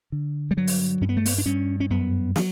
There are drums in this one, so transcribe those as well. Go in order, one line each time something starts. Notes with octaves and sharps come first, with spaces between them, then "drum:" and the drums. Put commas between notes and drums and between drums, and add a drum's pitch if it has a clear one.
D3
G3
G2 F#3
drum: open hi-hat
G2 C#4
B3
A3
B3, drum: open hi-hat
D4
G2 C#4
C#4
F#2 B3
F#3, drum: snare